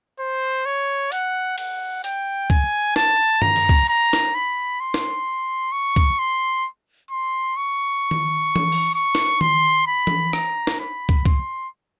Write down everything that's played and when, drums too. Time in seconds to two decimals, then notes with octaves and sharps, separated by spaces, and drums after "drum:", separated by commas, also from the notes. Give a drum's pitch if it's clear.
0.20 C5
0.66 C#5
1.12 F#5, drum: hi-hat
1.58 F#5, drum: cymbal
2.04 G5, drum: hi-hat
2.50 G#5, drum: kick
2.96 A5, drum: snare
3.42 A#5, drum: tom
3.56 drum: cymbal
3.69 drum: kick
3.88 A#5
4.13 drum: snare
4.35 B5
4.80 C6
4.94 drum: snare
5.72 C#6
5.96 drum: kick
6.19 C6
7.11 C6
7.56 C#6
8.11 drum: tom D#3
8.56 drum: tom E3
8.72 drum: open hi-hat
8.95 C#6
9.15 drum: snare
9.41 C6, drum: tom D#3
9.87 B5
10.07 drum: tom E3
10.33 A#5, drum: rim click
10.67 drum: snare
10.80 B5
11.09 drum: kick
11.26 C6, drum: kick